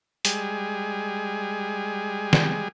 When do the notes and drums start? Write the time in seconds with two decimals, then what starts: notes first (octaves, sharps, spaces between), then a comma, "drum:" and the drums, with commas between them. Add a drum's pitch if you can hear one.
0.25 G3 G#3 G#4, drum: hi-hat
2.33 drum: snare